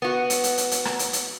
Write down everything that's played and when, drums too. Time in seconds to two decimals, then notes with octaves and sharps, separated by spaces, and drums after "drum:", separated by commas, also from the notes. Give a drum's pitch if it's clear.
0.02 B3 F#4
0.30 drum: hi-hat
0.44 drum: hi-hat
0.58 drum: hi-hat
0.71 drum: hi-hat
0.85 drum: rim click
0.99 drum: hi-hat
1.13 drum: hi-hat